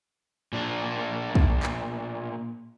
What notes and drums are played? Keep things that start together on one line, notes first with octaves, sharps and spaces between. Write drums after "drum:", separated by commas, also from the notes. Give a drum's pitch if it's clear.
A#2 D4
drum: kick
drum: clap